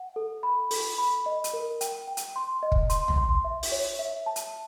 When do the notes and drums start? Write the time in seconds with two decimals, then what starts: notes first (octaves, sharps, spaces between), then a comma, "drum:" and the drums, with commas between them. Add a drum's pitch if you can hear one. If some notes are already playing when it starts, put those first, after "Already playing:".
Already playing: F#5
0.16 A4
0.43 B5
0.71 A4, drum: open hi-hat
0.98 B5
1.26 D#5
1.44 drum: hi-hat
1.53 A#4
1.81 G5, drum: hi-hat
2.08 G5
2.17 drum: hi-hat
2.36 C6
2.63 D#5
2.72 drum: kick
2.90 C6, drum: hi-hat
3.08 drum: tom
3.17 C6
3.44 E5
3.63 drum: open hi-hat
3.72 C#5
3.99 E5
4.26 A5
4.36 drum: hi-hat